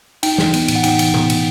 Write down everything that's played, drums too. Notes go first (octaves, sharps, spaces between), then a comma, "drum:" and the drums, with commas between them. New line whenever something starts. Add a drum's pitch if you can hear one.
D#4 G5, drum: cymbal
E3, drum: snare
B3, drum: cymbal
A2, drum: cymbal
F#5
D#4 G5, drum: cymbal
E3, drum: cymbal
B3, drum: tom B2
A2, drum: cymbal